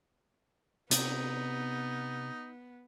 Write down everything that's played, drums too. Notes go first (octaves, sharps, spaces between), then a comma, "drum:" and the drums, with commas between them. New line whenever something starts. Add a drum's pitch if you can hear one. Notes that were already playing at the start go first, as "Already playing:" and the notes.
C3 B3 D#4, drum: hi-hat